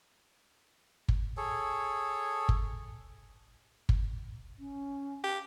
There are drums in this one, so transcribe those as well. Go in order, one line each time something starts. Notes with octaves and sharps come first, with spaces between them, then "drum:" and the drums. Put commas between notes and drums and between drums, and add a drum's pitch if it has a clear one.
drum: kick
G#4 A4 C#5
drum: kick
drum: kick
C#4
G4